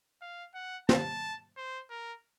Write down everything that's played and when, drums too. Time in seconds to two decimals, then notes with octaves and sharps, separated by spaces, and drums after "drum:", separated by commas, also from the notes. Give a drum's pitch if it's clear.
0.21 F5
0.54 F#5
0.89 A5, drum: snare
1.57 C5
1.90 A#4